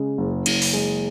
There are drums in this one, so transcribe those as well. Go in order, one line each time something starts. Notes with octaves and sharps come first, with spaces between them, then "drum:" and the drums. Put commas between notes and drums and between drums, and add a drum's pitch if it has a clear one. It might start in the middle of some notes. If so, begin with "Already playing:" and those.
Already playing: C#3 G#3
F#1
F#1, drum: cymbal
drum: open hi-hat
G#3